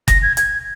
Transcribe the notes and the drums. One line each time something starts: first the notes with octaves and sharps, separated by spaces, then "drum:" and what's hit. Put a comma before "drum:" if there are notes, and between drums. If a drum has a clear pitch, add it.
A#6, drum: kick F#1, hi-hat
G#6
G#6, drum: hi-hat